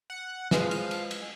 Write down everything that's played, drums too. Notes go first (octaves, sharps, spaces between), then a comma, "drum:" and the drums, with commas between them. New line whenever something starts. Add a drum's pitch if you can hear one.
F#5
F3 G#3 B4 D#5 F5, drum: snare
drum: cymbal
drum: cymbal
drum: cymbal